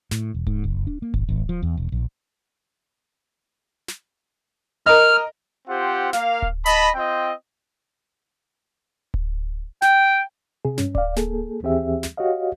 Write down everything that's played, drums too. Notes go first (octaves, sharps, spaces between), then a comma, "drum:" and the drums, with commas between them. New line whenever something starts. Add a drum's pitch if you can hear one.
A2, drum: snare
E1
G#2, drum: kick D1
F#1
D4
A#3
G#1, drum: kick D1
G#1
F3
E2
E1
A#1
drum: snare
A#4 D#5 F6
C4 F4 G4 C5 F#5
A#3 F5, drum: snare
drum: kick D1
D#5 A5 B5, drum: hi-hat
C4 F4 D#5 G5
drum: kick D1
G5, drum: snare
C3 G#4
G2 C#4, drum: snare
D5 F5, drum: kick D1
A#3 G#4 A4, drum: snare
D#2 E3 C4 G4 G#4 E5
drum: snare
F#4 G4 C#5 D#5 F5